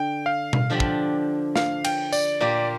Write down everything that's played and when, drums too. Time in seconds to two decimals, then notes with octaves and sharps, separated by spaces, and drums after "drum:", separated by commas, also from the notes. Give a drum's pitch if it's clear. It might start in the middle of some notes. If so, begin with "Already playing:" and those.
Already playing: D3 G5
0.26 F5
0.53 drum: tom B2
0.70 D3 F3 D4 G4
0.80 drum: kick
1.56 F5, drum: snare
1.85 G5, drum: cymbal
2.13 D5, drum: tambourine
2.40 A#2 A#3 G4 D5